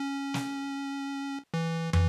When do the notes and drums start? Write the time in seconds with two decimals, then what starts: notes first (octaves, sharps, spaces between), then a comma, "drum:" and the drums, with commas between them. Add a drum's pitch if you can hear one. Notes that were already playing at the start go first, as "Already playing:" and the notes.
Already playing: C#4
0.34 drum: snare
1.54 E3
1.93 E3, drum: tom